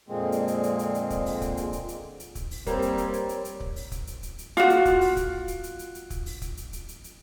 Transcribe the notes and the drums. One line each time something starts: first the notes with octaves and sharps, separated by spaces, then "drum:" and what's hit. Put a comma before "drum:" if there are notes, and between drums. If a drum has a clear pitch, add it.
F2 A#2 D3 G#3 A#3 C4
drum: hi-hat
drum: hi-hat
drum: hi-hat
drum: hi-hat
drum: hi-hat
drum: kick, hi-hat
drum: open hi-hat
drum: kick, hi-hat
drum: hi-hat
drum: hi-hat
drum: hi-hat
drum: hi-hat
drum: kick, hi-hat
drum: open hi-hat
G3 A#3 C4 C#5, drum: kick, hi-hat
drum: hi-hat
drum: hi-hat
drum: hi-hat
drum: hi-hat
drum: hi-hat
drum: kick
drum: open hi-hat
drum: kick, hi-hat
drum: hi-hat
drum: hi-hat
drum: hi-hat
F4 F#4, drum: hi-hat
drum: hi-hat
drum: kick, hi-hat
drum: open hi-hat
drum: kick, hi-hat
drum: hi-hat
drum: hi-hat
drum: hi-hat
drum: hi-hat
drum: kick, hi-hat
drum: open hi-hat
drum: kick, hi-hat
drum: hi-hat
drum: hi-hat
drum: hi-hat
drum: hi-hat